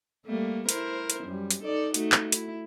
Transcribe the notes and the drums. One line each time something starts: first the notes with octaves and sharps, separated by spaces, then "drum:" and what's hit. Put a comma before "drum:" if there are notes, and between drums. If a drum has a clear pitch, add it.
G3 A3 A#3
E4 A#4 C5, drum: hi-hat
drum: hi-hat
F#2 G3
drum: hi-hat
D#4 A4 D5
A3 D#4 F#4, drum: hi-hat
drum: clap
E4, drum: hi-hat